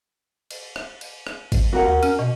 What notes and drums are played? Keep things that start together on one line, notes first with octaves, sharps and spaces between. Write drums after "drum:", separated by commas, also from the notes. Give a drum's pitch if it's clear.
drum: cymbal
drum: rim click
drum: cymbal
drum: rim click
drum: kick G#1, cymbal
G#1 F#4 A#4 F#5
D#2
C#4, drum: cymbal
B2